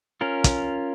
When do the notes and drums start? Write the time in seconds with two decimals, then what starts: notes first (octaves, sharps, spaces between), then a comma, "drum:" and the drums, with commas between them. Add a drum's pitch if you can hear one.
0.21 C#4 F4 A#4
0.44 drum: kick, hi-hat